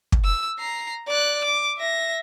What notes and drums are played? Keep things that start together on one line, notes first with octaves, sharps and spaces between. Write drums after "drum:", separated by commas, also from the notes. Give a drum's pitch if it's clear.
drum: kick
E6
A#5 C7
D5 F#6
D6
E5 A#6